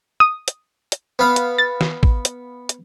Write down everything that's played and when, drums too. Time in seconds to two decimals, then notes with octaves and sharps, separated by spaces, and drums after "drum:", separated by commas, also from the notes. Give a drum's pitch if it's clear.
0.20 D#6
0.48 drum: hi-hat
0.92 drum: hi-hat
1.19 B3 F5
1.36 drum: hi-hat
1.58 A6
1.81 drum: snare
2.03 drum: kick
2.25 drum: hi-hat
2.69 drum: hi-hat